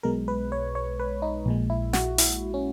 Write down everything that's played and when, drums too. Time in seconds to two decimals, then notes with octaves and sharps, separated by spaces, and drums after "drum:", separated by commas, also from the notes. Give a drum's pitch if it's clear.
0.03 B1 B2 G#3 A#4
0.28 B4
0.52 C#5
0.75 C#5
1.00 B4
1.22 D#4
1.46 A#1 A#2 G#3
1.70 E4
1.93 F#4, drum: snare
2.18 E4, drum: open hi-hat
2.54 C#4